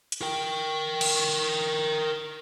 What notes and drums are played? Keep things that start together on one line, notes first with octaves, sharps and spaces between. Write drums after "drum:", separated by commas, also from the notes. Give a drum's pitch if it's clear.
drum: hi-hat
A#4 G5
drum: cymbal